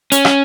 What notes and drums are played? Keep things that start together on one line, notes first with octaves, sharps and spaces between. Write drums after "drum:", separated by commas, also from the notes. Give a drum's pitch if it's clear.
C#4, drum: hi-hat
drum: rim click